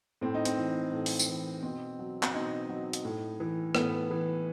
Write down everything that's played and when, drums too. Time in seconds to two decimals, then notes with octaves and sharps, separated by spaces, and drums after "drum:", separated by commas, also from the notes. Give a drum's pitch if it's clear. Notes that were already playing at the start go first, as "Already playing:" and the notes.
0.21 A2 C4
0.34 D#4
0.45 C4, drum: hi-hat
0.57 E3
0.93 A2
1.06 drum: open hi-hat
1.19 drum: tambourine
1.28 E3
1.63 B2 C4
1.99 F#3
2.23 C4, drum: clap
2.34 B2 D#4
2.69 F#3
2.93 drum: hi-hat
3.05 A2
3.40 E3
3.75 A2 B3, drum: rim click
4.11 E3